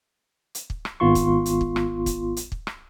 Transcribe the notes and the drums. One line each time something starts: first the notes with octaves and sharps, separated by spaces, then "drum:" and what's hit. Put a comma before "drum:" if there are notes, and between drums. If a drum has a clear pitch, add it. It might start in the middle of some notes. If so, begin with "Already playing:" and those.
drum: hi-hat
drum: kick
drum: rim click
G#1 B3 F4 C6 C#6
drum: kick, hi-hat
drum: hi-hat
drum: kick
drum: rim click
drum: kick, hi-hat
drum: hi-hat
drum: kick
drum: rim click